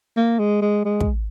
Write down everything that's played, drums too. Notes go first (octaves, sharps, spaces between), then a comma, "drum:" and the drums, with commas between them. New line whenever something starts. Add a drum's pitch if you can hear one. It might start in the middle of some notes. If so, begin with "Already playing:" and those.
A#3
G#3
G#3
G#3
drum: kick